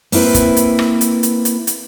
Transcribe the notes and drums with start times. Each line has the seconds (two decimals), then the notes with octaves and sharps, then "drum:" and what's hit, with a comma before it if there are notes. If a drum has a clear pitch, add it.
0.12 A#3 C4 E4 B4, drum: open hi-hat
0.34 drum: kick, hi-hat
0.57 drum: hi-hat
0.79 drum: rim click
1.01 drum: hi-hat
1.23 drum: hi-hat
1.45 drum: hi-hat
1.67 drum: hi-hat